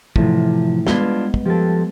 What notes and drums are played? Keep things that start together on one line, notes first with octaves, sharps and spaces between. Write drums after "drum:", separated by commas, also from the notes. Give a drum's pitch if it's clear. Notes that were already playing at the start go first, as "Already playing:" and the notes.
A2 C3 E3 F3, drum: kick
G3 G#3 B3 D4 E4 F4 G7, drum: snare
drum: kick
F3 G4 A4